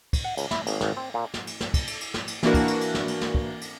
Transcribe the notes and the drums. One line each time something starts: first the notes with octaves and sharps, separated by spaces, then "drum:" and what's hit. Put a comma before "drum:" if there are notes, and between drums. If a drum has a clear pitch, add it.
drum: kick, cymbal
F#5
C#2, drum: cymbal
E4, drum: snare
G#1, drum: cymbal
G#1, drum: snare
C4
A#2
drum: snare
drum: cymbal
drum: snare
drum: kick, cymbal
drum: cymbal
drum: cymbal
drum: snare
drum: cymbal
E3 A#3 D4 F#4 A#4, drum: snare
drum: kick, cymbal
drum: cymbal
drum: cymbal
drum: snare
drum: cymbal
drum: snare
drum: kick
drum: cymbal